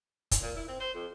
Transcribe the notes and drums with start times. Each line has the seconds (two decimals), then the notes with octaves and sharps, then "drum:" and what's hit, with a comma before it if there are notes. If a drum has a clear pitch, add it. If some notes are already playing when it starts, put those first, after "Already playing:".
0.31 drum: kick, hi-hat
0.42 A#2
0.56 E4
0.68 C4
0.80 C5
0.94 F2